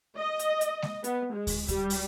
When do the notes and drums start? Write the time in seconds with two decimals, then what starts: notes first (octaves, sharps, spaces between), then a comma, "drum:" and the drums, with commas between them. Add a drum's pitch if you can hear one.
0.17 D#5
0.39 drum: hi-hat
0.61 drum: hi-hat
0.82 drum: snare G#3
1.04 B3, drum: hi-hat
1.33 G#3
1.47 drum: kick, open hi-hat
1.68 G3, drum: kick, hi-hat
1.90 drum: open hi-hat